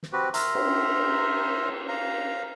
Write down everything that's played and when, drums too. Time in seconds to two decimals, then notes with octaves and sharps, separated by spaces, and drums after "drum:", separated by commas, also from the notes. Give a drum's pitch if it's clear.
0.03 drum: snare
0.13 C4 F#4 G4 B4
0.34 A#4 E5 A#5 C6, drum: hi-hat
0.55 drum: cymbal
1.88 F5 A#5